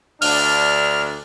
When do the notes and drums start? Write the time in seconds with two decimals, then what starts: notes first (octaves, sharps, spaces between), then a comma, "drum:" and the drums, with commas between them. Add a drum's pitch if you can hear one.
0.22 D2 D4 F6, drum: open hi-hat